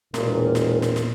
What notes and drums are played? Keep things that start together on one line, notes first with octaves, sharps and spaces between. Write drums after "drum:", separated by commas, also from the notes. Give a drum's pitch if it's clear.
E1 A#2 A#4, drum: snare
drum: snare
drum: snare
drum: snare